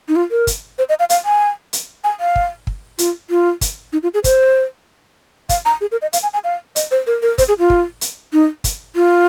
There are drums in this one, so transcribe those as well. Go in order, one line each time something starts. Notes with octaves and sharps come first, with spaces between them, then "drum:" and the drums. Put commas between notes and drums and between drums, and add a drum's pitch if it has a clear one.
D#4
F4
A#4
drum: kick, hi-hat
C5
D#5
F5
F5, drum: hi-hat
G#5
drum: hi-hat
G#5
F5
drum: kick
drum: kick
F4, drum: hi-hat
F4
drum: kick, hi-hat
D#4
F4
G#4
C5, drum: kick, hi-hat
F5, drum: kick, hi-hat
A#5
G#4
A#4
D#5
F5, drum: hi-hat
G#5
G#5
F5
D#5, drum: hi-hat
C5
A#4
A#4
C5, drum: kick, hi-hat
G#4
F4
drum: kick
drum: hi-hat
D#4
drum: kick, hi-hat
F4